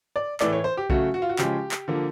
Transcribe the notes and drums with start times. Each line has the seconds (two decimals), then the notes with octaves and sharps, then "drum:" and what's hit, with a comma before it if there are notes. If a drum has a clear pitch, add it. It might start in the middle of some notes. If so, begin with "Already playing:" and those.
0.16 D5
0.40 A2 E3 A3 D5, drum: clap
0.53 C#5
0.64 C5
0.77 G4
0.90 C#3 F#3 A3 F#4, drum: kick B1
1.14 F#4
1.22 F4
1.29 F#4
1.39 C#3 F3 G#3 G4, drum: clap
1.71 drum: clap
1.88 D3 F3 A#3